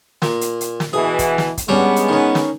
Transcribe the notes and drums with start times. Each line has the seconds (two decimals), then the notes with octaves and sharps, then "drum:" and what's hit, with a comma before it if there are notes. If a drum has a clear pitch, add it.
0.22 A#2, drum: snare
0.41 drum: hi-hat
0.61 drum: hi-hat
0.80 drum: snare
0.93 B2 E3 G#4
1.19 drum: kick, hi-hat
1.38 drum: snare
1.57 drum: kick, hi-hat
1.68 G3 G#3 B3 C#4 D4
1.96 drum: hi-hat
2.09 D#3 C#4
2.35 drum: snare